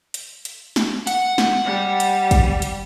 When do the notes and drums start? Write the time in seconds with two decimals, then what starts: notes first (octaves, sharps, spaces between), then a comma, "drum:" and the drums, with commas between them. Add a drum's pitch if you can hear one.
0.14 drum: hi-hat
0.45 drum: hi-hat
0.76 drum: snare
1.07 F#5, drum: hi-hat
1.38 drum: snare
1.65 G3
2.00 drum: hi-hat
2.31 drum: kick, hi-hat
2.62 drum: hi-hat